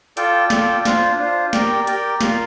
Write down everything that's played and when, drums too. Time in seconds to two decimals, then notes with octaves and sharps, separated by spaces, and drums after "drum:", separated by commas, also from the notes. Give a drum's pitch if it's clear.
0.17 F4 A4 D5 G5, drum: hi-hat
0.50 F4 A4 D5 G5, drum: snare
0.85 D4 F4 C5, drum: snare
1.18 D4 F4 C5
1.53 G4 A#4 D5 G5, drum: snare
1.87 G4 A#4 D5 G5, drum: hi-hat
2.21 F4 A#4 F5, drum: snare